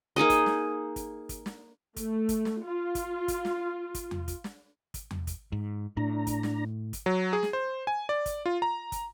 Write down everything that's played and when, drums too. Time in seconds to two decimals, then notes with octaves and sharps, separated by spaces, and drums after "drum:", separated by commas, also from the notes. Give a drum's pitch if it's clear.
0.16 A#3 D#4 G#4 D#5
0.30 drum: kick, hi-hat
0.46 drum: snare
0.96 drum: kick, hi-hat
1.29 drum: kick, hi-hat
1.46 drum: snare
1.96 A3, drum: kick, hi-hat
2.29 drum: kick, hi-hat
2.45 drum: snare
2.63 F4
2.95 drum: kick, hi-hat
3.28 drum: kick, hi-hat
3.45 drum: snare
3.94 drum: kick, hi-hat
4.11 drum: tom E2
4.28 drum: kick, hi-hat
4.44 drum: snare
4.94 drum: kick, hi-hat
5.11 drum: tom E2
5.27 drum: kick, hi-hat
5.52 G#2
5.97 A2 D4 A#5
6.27 drum: kick, hi-hat
6.43 drum: snare
6.93 drum: kick, hi-hat
7.06 F#3
7.33 G#4
7.43 drum: snare
7.53 C5
7.87 G#5
8.09 D5
8.26 drum: kick, hi-hat
8.46 F4
8.62 A#5
8.92 drum: kick, hi-hat